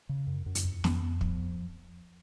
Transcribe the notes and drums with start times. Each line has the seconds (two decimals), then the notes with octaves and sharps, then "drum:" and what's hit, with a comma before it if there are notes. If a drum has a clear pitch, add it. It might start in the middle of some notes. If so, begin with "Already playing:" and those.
0.09 C#3
0.27 F#2
0.46 F#2
0.55 drum: hi-hat
0.65 F2
0.84 F2, drum: snare
1.02 B3
1.21 F3, drum: kick
1.39 F2